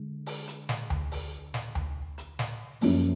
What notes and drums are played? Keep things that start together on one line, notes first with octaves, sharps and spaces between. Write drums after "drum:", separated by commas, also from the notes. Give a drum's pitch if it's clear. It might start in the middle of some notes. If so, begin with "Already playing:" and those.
Already playing: D3 G#3
drum: open hi-hat
drum: hi-hat
drum: snare
drum: tom D2
drum: open hi-hat
drum: snare
drum: tom D2
drum: hi-hat
drum: snare
F#2 F3 A#3, drum: open hi-hat